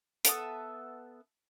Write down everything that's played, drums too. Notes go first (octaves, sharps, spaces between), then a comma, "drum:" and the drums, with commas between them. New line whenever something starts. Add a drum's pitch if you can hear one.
B3 A4 E5 D#6, drum: hi-hat